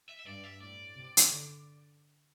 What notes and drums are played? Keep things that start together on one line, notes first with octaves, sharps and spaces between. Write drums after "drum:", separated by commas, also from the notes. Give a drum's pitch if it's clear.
E5
E5
G2 D5
E5
A2 D5
C3
drum: hi-hat
D3